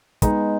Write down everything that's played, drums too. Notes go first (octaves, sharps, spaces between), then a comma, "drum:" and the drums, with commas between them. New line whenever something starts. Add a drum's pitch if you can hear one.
G#3 B3 D#4, drum: kick, hi-hat